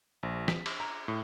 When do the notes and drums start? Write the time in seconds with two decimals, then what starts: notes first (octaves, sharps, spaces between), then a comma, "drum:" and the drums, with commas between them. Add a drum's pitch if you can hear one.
0.23 A#1
0.48 B6, drum: snare F3
0.66 drum: cymbal
0.80 A#5
1.08 A2